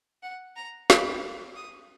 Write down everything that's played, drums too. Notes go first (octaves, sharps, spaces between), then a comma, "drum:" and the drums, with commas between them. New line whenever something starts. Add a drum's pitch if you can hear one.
F#5
A#5
B5, drum: snare
D#6